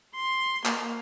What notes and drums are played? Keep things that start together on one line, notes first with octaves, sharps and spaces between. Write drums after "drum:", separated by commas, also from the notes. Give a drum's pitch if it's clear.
C6
A#3, drum: clap